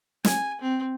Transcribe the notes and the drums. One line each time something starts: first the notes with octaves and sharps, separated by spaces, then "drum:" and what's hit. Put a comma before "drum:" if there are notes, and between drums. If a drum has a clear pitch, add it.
G#5, drum: snare
C4